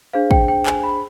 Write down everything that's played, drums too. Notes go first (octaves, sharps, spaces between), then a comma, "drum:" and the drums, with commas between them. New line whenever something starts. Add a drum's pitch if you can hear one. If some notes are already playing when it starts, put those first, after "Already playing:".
D4 G#4 C5 F5
G5, drum: kick
G5
G#5, drum: clap
B5